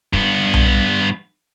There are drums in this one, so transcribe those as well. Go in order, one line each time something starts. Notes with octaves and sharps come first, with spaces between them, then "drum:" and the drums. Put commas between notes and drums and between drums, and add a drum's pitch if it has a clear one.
G2 B3, drum: kick
drum: tom B1